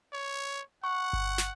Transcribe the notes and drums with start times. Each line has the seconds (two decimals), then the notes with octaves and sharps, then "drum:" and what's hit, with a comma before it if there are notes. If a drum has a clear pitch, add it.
0.13 C#5
0.84 F#5 C#6
1.13 drum: kick G1
1.38 drum: snare